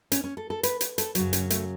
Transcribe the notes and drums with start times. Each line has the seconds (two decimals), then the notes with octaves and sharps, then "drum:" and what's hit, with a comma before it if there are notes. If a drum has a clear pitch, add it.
0.12 C#4, drum: hi-hat
0.24 C#4
0.37 A4
0.50 A4
0.63 B4, drum: hi-hat
0.81 drum: hi-hat
0.98 A4, drum: hi-hat
1.15 F#2 C#3 F#3, drum: hi-hat
1.33 C#4, drum: hi-hat
1.50 A3, drum: hi-hat